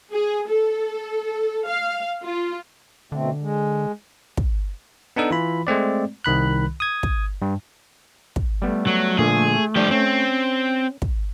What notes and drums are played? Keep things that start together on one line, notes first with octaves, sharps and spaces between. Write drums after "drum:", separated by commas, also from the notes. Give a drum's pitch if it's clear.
G#4
A4
F5
F4
B2 D3 A3 C4
G#3
drum: kick
B3 D4 D#4 A4
E3 F4 B5
G#3 A3 C4 D5
C2 D#3 B5 F#6
D#6 G#6
drum: kick
G2
drum: kick
G3 A3 B3
F#3
A#2 D3 F3 G#4
F3 G3 D4 G4
C4 C#4
drum: kick